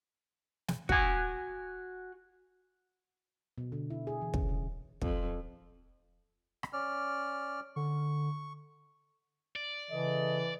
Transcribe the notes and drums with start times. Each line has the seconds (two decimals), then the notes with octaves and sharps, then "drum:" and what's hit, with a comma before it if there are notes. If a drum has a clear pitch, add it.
0.68 drum: snare
0.89 F#4 G#5, drum: kick
3.58 B2
3.72 D3
3.90 E4
4.07 G#4
4.22 E3
4.34 C#4, drum: kick
4.49 C#3
5.02 F2, drum: kick
6.63 drum: rim click
6.73 C#4 D5 F6
7.76 D3 C#6
9.56 D5
9.91 C#3 E3 A4 D#5